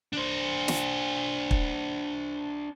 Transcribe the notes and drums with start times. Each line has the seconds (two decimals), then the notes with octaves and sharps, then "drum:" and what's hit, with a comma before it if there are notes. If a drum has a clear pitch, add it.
0.13 D4 C5
0.68 drum: snare
1.51 drum: kick